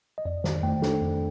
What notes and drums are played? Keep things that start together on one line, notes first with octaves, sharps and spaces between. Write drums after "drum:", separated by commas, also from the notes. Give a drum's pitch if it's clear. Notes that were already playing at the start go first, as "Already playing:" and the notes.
D#5
F2 D5
D#3 C5, drum: snare
A3 G5, drum: tom F2
D4 A4, drum: snare
F2